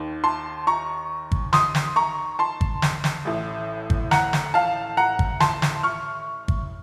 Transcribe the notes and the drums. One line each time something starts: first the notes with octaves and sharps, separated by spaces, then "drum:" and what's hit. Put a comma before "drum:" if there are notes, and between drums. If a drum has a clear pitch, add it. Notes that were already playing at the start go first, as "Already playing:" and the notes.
Already playing: D#2 D#3
A5 C6
A#5 C#6
drum: kick
C6 D#6, drum: snare
drum: snare
A#5 C#6
A5 C6
drum: kick
drum: snare
drum: snare
A1 A2
drum: kick
F#5 A#5, drum: snare
drum: snare
F5 A5
F#5 A#5
drum: kick
A5 C6, drum: snare
drum: snare
C#6 F6
drum: kick